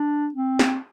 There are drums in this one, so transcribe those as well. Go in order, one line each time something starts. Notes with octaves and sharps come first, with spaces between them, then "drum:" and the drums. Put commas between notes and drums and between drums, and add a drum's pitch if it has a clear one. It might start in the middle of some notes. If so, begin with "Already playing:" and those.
Already playing: D4
C4
drum: snare